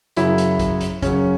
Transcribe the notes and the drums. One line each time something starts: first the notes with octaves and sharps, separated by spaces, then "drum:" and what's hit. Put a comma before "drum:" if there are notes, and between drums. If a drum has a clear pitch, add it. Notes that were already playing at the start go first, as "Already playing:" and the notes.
F#2 C#3 F#3 E4, drum: hi-hat
drum: hi-hat
drum: kick, hi-hat
drum: hi-hat
F#2 C#3 F#3 C#4, drum: kick, hi-hat